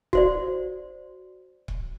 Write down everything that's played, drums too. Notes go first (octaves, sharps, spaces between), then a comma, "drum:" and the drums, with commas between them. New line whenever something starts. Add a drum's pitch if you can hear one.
F#4 C5 D5, drum: kick C#1
drum: kick C#1